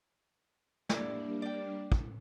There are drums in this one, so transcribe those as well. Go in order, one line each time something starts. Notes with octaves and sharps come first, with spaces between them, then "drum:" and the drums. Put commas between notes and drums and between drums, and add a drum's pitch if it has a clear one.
G3 A#3 D4 E4 D5, drum: snare
D5 G5
drum: kick